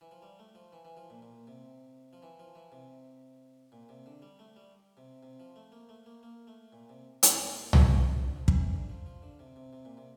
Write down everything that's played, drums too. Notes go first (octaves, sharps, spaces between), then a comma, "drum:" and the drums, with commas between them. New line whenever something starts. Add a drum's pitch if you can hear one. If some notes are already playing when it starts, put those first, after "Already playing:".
E3
F3
G3
A3
F3
E3
E3
F3
A#2
A#2
C3
F3
E3
F3
E3
C3
A#2
C3
D3
G3
A3
G3
C3
C3
F3
A3
A#3
A3
A#3
A#3
A3
A#2
C3
C3, drum: hi-hat
A#2
C3, drum: tom C2
D3
F3
E3, drum: kick
C3
D3
F3
F3
D3
C3
C3
C3
A#2
C3